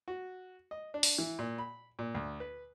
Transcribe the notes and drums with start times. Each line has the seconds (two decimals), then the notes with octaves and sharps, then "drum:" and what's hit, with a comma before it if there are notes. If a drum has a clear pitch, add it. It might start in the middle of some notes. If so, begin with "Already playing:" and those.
0.08 F#4
0.71 D#5
0.94 D4
1.03 drum: open hi-hat
1.18 E3
1.39 A#2
1.58 B5
1.99 A#2
2.15 D2
2.40 B4